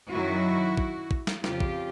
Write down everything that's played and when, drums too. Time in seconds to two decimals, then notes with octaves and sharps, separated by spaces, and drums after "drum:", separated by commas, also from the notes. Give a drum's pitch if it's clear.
0.11 F#2 D#3 F#3 E4 F#4
0.77 drum: kick
1.11 drum: kick
1.27 drum: snare
1.44 F2 C#3 F3 F4 G4, drum: snare
1.60 drum: kick